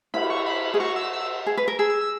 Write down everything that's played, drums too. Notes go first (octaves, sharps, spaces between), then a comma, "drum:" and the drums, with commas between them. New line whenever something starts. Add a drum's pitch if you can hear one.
E4 B5, drum: cymbal
C#6
B5
G#4
F#4 C#6
E6
E6
G#4
B4
A#4
G#4 E6
E6
E6